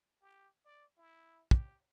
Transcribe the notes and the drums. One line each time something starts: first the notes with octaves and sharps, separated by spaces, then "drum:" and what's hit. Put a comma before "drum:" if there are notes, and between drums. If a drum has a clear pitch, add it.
G4
D5
E4
G4, drum: kick